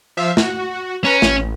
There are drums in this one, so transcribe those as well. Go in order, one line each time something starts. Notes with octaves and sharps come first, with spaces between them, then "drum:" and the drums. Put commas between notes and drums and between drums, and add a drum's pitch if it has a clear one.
F3 E5 F5
F#4, drum: snare
C#4 B4 A#5
A1, drum: snare